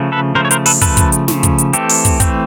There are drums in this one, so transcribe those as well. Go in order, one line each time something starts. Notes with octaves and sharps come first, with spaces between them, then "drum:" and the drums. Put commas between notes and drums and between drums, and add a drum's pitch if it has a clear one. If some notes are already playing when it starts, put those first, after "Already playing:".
Already playing: C#3 F3 A3
A4 B4
C#3 F3 A3 A#4 C5
C#5
A#4 C5, drum: hi-hat
A4 B4, drum: open hi-hat
C#3 F3 A3 A4 B4, drum: kick, hi-hat
drum: kick, hi-hat
drum: hi-hat
C#3 F3 A3, drum: snare
drum: kick, hi-hat
drum: hi-hat
E3 A3 C4 G4 A4, drum: hi-hat
drum: open hi-hat
drum: kick, hi-hat
E3 A3 C4, drum: kick, hi-hat